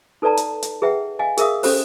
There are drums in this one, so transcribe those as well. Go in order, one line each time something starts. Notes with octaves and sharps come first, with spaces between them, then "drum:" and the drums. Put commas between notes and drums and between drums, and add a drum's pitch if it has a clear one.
D#4 A4 B4 D5 A5 A#5
drum: hi-hat
drum: hi-hat
G#4 B4 E5 F#5 G5
D#5 F5 G#5
G#4 A#4 E5 F5 D#6, drum: hi-hat
C#4 G4 A4 C5, drum: open hi-hat